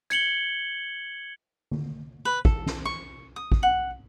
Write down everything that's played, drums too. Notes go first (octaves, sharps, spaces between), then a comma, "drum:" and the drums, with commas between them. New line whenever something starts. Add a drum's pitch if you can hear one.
G#6 C#7 F#7 G7, drum: hi-hat
drum: tom D3
B4
A4, drum: kick
drum: snare
C#6
D#6
drum: kick
F#5